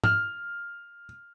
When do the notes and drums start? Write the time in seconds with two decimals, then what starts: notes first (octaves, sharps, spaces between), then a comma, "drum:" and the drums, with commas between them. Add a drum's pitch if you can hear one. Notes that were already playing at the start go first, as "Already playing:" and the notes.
0.04 F6, drum: tom